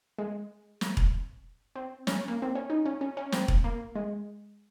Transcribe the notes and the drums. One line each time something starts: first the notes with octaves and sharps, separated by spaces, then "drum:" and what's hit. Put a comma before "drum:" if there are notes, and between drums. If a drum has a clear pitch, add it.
G#3
drum: snare
drum: kick E1
C4
C#4, drum: snare
A#3
C4
C#4
D#4
C#4
C#4
C#4
C4, drum: snare
drum: kick E1
A#3
G#3